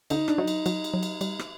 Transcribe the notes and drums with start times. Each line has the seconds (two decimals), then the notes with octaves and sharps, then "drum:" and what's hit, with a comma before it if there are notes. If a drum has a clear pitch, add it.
0.10 D3 D#4, drum: cymbal
0.28 D4, drum: rim click
0.38 F#3 D#4
0.48 drum: cymbal
0.66 F#3, drum: cymbal
0.84 drum: cymbal
0.94 F#3
1.03 drum: cymbal
1.21 G3, drum: cymbal
1.39 drum: rim click